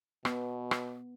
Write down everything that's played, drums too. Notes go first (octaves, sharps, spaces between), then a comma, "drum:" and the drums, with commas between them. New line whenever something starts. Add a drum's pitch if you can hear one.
B2 B3, drum: rim click
drum: rim click